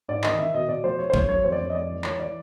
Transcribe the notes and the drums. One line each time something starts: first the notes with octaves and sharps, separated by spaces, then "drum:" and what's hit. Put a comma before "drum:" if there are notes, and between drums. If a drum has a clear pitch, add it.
G#2 D5
D#3 D#5, drum: clap
D#3 E5
B2 D#5
B2 D5
F3 C5
G#3 C#5
C5
F#2 C#5, drum: kick G#1
F#3 C#5
F2 C5
D5
F2 C#5
D#5
G#3 D5
E3
E3 C#5, drum: clap
E3 D5